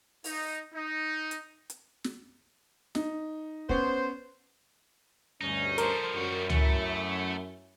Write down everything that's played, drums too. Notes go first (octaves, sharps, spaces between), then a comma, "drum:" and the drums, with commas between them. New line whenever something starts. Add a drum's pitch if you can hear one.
D#4, drum: open hi-hat
D#4
drum: hi-hat
drum: hi-hat
drum: snare
D#4, drum: snare
B3 C#4 C5, drum: kick
D2 G2 C#4 D#4
F3 G3 A4 A#4 C5, drum: hi-hat
F#2 F#4
A3 C#4 E4, drum: tom C#2